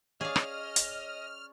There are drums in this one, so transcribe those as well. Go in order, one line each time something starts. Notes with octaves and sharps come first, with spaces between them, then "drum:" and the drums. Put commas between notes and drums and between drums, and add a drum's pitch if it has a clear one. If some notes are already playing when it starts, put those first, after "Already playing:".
C#4 G#4 D5 D#5 F5 F6
drum: rim click
drum: hi-hat